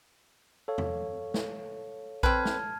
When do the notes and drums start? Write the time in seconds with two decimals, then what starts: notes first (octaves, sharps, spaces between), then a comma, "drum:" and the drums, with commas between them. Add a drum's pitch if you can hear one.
0.68 A4 C#5 F5
0.78 drum: tom E2
1.34 drum: snare
2.23 C4 B4 A5 F6 G#6, drum: kick A#1
2.45 drum: snare